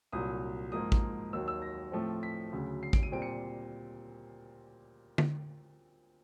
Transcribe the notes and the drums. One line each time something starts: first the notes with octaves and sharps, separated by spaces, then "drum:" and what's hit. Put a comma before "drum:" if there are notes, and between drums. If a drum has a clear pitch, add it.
C2 A#2 F#3 D#6
G#2 F3 A#3 D#6
drum: kick A1
D#2 D#3 F#3 E6
E6
A#6
A2 F3 A3 C4
B6
D2 C#3 F#3
C7
D7, drum: kick A1
D#7
A#2 G3 C4 D7
C#7
drum: tom D3